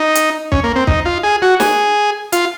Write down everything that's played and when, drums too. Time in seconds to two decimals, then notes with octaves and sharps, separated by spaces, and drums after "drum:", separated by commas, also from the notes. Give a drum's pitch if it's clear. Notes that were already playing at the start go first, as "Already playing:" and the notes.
Already playing: D#4
0.15 drum: hi-hat
0.52 C#4, drum: kick
0.64 A#3
0.76 C4
0.87 D#4, drum: kick
1.05 F4
1.23 G#4
1.42 F#4
1.60 G#4, drum: snare
2.32 F4, drum: hi-hat